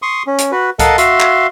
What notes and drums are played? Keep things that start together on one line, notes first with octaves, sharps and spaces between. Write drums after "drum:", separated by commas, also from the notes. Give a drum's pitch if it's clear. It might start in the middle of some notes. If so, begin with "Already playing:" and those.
C6 C#6 D#6
C#4
drum: hi-hat
F#4 B4
A4 A#4 D#5 F5 F#5 A5, drum: kick C2, hi-hat
F#4 E5 F5 C6, drum: hi-hat
drum: clap